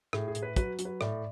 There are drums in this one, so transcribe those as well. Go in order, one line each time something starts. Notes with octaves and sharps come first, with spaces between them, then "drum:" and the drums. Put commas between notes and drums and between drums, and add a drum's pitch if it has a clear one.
A2 G#4, drum: rim click
G#4
A2, drum: hi-hat
B4
F#3 B4, drum: kick, hi-hat
F#3, drum: hi-hat
B4
A2 D5, drum: rim click